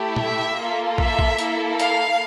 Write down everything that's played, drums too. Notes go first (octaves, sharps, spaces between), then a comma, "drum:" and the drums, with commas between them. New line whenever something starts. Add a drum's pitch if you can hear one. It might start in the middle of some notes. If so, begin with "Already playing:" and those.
Already playing: A3 E4 G4
E5, drum: tom A#2
A#3 F4 A4
E5, drum: kick
drum: kick
A#3 E4 A4, drum: hi-hat
F5, drum: hi-hat